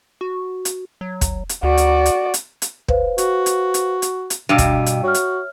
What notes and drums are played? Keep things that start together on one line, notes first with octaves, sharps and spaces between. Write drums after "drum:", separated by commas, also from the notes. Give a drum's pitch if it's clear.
F#4
drum: hi-hat
F#3
drum: kick, hi-hat
drum: hi-hat
D2 F#4 D5
drum: hi-hat
drum: hi-hat
drum: hi-hat
drum: hi-hat
B4 C5 F5, drum: kick
F#4, drum: hi-hat
drum: hi-hat
drum: hi-hat
drum: hi-hat
drum: hi-hat
G2 B2 G3 F5 E6 D#7
drum: kick, hi-hat
drum: hi-hat
F#4 C#5 E5 F6
drum: hi-hat